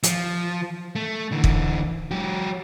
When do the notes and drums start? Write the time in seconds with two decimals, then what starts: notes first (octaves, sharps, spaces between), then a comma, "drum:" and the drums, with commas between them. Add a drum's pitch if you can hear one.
0.03 F3, drum: hi-hat
0.95 A3
1.31 D3 E3
1.44 drum: kick
2.11 F#3 G4